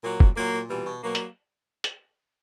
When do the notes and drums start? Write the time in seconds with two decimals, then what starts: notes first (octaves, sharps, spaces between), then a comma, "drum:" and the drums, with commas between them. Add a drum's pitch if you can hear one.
0.04 A#2 F#3 A#3
0.20 A#2, drum: kick
0.37 A#2 F#3 A#3
0.54 A#2
0.70 B2 E3 G3
0.86 B2
1.03 B2 F#3 A#3
1.15 drum: hi-hat
1.84 drum: hi-hat